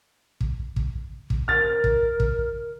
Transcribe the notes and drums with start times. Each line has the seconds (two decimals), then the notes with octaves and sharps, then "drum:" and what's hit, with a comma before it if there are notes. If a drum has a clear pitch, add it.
0.41 drum: kick
0.76 drum: kick
1.30 drum: kick
1.48 A#4 F6 A6
1.84 drum: kick
2.20 drum: kick